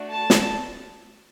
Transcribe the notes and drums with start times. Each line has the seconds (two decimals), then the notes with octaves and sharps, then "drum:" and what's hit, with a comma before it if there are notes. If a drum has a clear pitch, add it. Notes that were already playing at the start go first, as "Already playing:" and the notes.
Already playing: A3 D4 F#4
0.09 A5
0.30 drum: snare